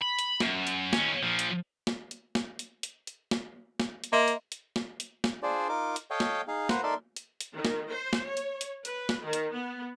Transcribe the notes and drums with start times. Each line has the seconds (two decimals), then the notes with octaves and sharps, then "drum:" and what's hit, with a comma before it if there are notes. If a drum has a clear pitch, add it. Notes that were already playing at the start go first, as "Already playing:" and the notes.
0.01 B5
0.19 drum: hi-hat
0.40 F#2, drum: snare
0.67 drum: hi-hat
0.93 D#2 C#4, drum: snare
1.23 A#2 F3
1.39 drum: hi-hat
1.87 drum: snare
2.11 drum: hi-hat
2.35 drum: snare
2.59 drum: hi-hat
2.83 drum: hi-hat
3.07 drum: hi-hat
3.31 drum: snare
3.80 drum: snare
4.04 drum: hi-hat
4.13 A#3 D#5 E5 C6
4.28 drum: hi-hat
4.52 drum: hi-hat
4.76 drum: snare
5.00 drum: hi-hat
5.24 drum: snare
5.43 D4 F4 G#4 C5 D5
5.69 D#4 F4 A#4 D6
5.96 drum: hi-hat
6.11 A4 C#5 D#5 F5 G5
6.20 drum: snare
6.48 D#4 G#4 F5
6.69 A#3 B4 C5 F#5 A#5, drum: snare
6.83 D#4 A4 A#4 D5 E5 C6
7.16 drum: hi-hat
7.41 drum: hi-hat
7.54 D#3
7.65 drum: snare
7.91 C5
8.13 drum: snare
8.26 C#5
8.37 drum: hi-hat
8.61 drum: hi-hat
8.85 B4, drum: hi-hat
9.09 drum: snare
9.24 D#3
9.33 drum: hi-hat
9.53 B3